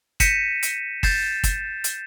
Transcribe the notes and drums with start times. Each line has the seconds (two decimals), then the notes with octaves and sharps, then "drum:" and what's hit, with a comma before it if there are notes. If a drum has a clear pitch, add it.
0.20 G6 A#6 B6 C#7 D#7 E7, drum: kick, hi-hat
0.63 drum: hi-hat
1.03 G6 A6 C7 E7, drum: kick, open hi-hat
1.43 drum: kick, hi-hat
1.84 drum: hi-hat